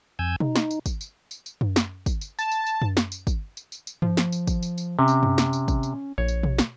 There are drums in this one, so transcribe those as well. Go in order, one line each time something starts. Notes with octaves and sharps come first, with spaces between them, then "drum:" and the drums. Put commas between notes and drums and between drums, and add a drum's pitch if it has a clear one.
F2 G#5 E6 G6 G#6
D#4, drum: tom B2
drum: snare
drum: tambourine
drum: kick, tambourine
drum: tambourine
drum: tambourine
drum: tambourine
drum: tom F#2
drum: snare
drum: kick, tambourine
drum: tambourine
A5, drum: tambourine
drum: tambourine
drum: tambourine
drum: tom F#2
drum: snare
drum: tambourine
drum: kick, tambourine
drum: tambourine
drum: tambourine
drum: tambourine
F3, drum: tom G2
drum: snare
drum: tambourine
drum: kick, tambourine
drum: tambourine
drum: tambourine
C3 C#4
drum: tambourine
drum: tom F#2
drum: snare
drum: tambourine
drum: kick, tambourine
drum: tambourine
A#1 C#5
drum: tambourine
drum: tom B2
drum: snare